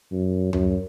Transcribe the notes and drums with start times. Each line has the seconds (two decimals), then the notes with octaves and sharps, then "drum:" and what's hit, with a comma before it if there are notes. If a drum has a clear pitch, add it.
0.12 F#2
0.53 F#2, drum: tom D2